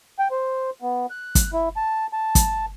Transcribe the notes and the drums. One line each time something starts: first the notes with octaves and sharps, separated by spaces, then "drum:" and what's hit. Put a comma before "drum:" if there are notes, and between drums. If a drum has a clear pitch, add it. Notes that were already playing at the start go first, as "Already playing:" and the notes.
G5
C5
B3
F#6
drum: kick, hi-hat
E4
A5
A5
drum: kick, hi-hat